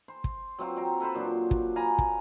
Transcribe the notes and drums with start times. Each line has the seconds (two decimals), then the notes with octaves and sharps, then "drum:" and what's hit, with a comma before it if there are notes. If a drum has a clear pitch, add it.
0.08 C5
0.24 drum: kick
0.59 F#3 C4 F4
0.77 C5 G5 A#5
1.00 A4 B4 C5 B5
1.15 A#2 F#3 D4
1.51 drum: kick
1.76 F5 G#5 A#5 B5
1.98 drum: kick